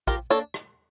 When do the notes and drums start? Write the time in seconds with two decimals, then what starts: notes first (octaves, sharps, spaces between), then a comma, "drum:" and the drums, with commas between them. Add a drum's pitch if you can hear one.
0.07 F3 G4 A#4, drum: kick A#1
0.30 A#3 D4 A4 C#5
0.54 drum: rim click